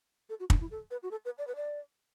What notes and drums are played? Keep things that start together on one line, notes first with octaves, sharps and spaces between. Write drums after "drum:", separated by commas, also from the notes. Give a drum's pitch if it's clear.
A4
F#4
D4, drum: kick
E4
A4
B4
F#4
A4
B4
D5
B4
D5